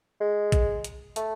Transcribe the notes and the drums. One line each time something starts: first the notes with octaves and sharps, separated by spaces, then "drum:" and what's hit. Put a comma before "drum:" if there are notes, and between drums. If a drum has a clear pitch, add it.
G#3
drum: kick A1, hi-hat
drum: hi-hat
A3, drum: hi-hat